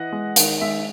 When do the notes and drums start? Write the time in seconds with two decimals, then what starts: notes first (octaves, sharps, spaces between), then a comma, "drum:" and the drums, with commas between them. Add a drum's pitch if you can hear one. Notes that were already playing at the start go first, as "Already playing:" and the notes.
Already playing: E3 D#5 F#5
0.12 G#3
0.36 D#3, drum: hi-hat
0.61 G#3 E5